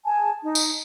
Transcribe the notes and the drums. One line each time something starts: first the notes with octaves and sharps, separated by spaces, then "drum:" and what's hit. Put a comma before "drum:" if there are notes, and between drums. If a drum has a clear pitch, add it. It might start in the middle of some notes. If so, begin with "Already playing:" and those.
G#4 G#5 A5
D#4
drum: tambourine